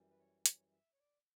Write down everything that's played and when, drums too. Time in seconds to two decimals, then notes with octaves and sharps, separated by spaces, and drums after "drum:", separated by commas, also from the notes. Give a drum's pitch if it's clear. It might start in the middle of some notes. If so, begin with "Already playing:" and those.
Already playing: F#2 E3 G3
0.10 B4
0.19 C#5
0.46 C#5, drum: hi-hat
0.72 E5
0.93 C#5
0.99 D5